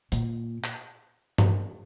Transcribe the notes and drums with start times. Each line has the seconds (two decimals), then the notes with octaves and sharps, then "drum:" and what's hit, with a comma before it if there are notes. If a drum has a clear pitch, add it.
0.12 A#2, drum: hi-hat
0.64 drum: clap
1.38 drum: tom G2